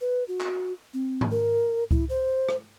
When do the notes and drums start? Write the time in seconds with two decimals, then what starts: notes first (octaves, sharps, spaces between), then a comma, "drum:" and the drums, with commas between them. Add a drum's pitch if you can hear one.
0.01 B4
0.28 F#4
0.40 drum: clap
0.94 C4
1.21 drum: tom G#2
1.31 A#4
1.91 E4, drum: kick C#2
2.10 C5
2.49 drum: rim click